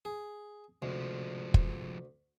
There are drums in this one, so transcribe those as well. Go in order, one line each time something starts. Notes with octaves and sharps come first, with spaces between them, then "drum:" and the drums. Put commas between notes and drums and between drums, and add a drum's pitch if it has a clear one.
G#4
D2 C3 F3 G#3
drum: kick